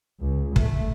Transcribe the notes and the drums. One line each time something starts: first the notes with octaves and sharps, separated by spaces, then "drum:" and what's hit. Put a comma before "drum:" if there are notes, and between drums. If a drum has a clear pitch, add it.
C#2
A3, drum: kick